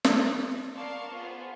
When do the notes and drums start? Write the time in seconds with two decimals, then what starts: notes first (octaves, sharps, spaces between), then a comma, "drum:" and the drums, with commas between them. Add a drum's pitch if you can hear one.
0.05 drum: snare
0.74 A#4 D5 F5 A5 C6 C#6
1.11 B3 F4 G#4 C5